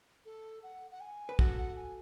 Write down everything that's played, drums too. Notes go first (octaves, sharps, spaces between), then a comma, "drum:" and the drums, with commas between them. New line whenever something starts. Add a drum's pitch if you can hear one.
A4
F#5
F#5
G#5
B4
F#4 A4 F#5, drum: kick
F#5
G#5